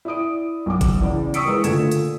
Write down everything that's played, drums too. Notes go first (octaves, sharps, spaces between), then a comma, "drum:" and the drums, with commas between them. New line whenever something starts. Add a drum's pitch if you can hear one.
E4 D5 D#6 D7
B1 D6
drum: kick G1, hi-hat
E2 C#3 D5
C#6 D#6 E6 B6 C#7 D7, drum: hi-hat
E3 G#3 A#4 B4
A#2 D3 A3 A4 G#6 E7, drum: hi-hat
drum: hi-hat